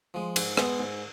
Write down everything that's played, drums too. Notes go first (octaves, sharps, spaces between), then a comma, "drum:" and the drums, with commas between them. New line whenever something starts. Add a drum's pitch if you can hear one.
F3 G#3
G#2, drum: cymbal
G#3 B3, drum: rim click
G#2